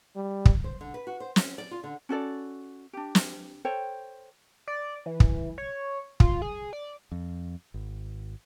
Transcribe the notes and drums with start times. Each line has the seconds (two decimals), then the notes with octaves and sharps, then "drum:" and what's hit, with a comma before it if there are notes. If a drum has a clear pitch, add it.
0.16 G3
0.45 drum: kick
0.64 C5
0.81 D3
0.94 B4
1.07 F#4
1.20 C5
1.36 C#4, drum: snare
1.58 D5
1.71 F4
1.84 D3
2.09 C#4 F#4 A4 D5
2.93 D4 G4
3.15 drum: snare
3.65 A4 C5 C#5 G5
4.68 D5
5.06 E3
5.20 drum: kick
5.58 C#5
6.20 F4, drum: kick
6.42 G#4
6.73 D5
7.12 F2
7.74 G#1